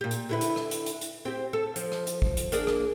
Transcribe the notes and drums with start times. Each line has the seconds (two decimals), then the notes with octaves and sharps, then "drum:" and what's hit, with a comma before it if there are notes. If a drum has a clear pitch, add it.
0.01 A#2 G4
0.11 drum: hi-hat
0.29 D3 E4 B4
0.41 drum: hi-hat
0.56 drum: rim click
0.71 drum: hi-hat
0.86 drum: hi-hat
1.01 drum: hi-hat
1.25 C4 G4
1.53 A4
1.76 F3, drum: hi-hat
1.92 drum: rim click
2.07 drum: hi-hat
2.22 drum: kick
2.37 drum: hi-hat
2.52 A#3 D4 G#4, drum: hi-hat
2.67 drum: rim click